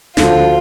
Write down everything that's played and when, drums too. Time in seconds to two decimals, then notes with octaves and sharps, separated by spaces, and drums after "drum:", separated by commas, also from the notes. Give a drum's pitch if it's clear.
0.17 D2 D3 F3 F4, drum: snare